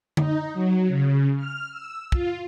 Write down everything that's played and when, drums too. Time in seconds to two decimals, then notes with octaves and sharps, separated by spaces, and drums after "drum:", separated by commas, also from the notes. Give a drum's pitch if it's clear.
0.17 D#4, drum: tom D3
0.54 F#3
0.88 C#3
1.37 F6
1.71 E6
2.12 F4, drum: kick